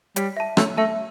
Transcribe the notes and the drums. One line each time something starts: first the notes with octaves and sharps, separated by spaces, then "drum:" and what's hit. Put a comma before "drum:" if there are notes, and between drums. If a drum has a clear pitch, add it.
G3 C#5, drum: hi-hat
E5 A5
A3 C#5, drum: rim click
A3 E5 A5